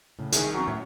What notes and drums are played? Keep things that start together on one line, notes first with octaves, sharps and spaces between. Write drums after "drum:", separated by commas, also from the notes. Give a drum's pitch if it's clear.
A2 C#3
C2 D#3 G#4 E5 G#5, drum: hi-hat
F3 F#3 C4 C#4
A2 C#5 E5